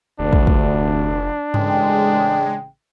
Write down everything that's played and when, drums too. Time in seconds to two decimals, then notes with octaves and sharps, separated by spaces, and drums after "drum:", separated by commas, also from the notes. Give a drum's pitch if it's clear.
0.20 F1 D2 D4
0.33 drum: kick
0.47 drum: kick
1.54 A1 C#3 G#3 G5, drum: tom G2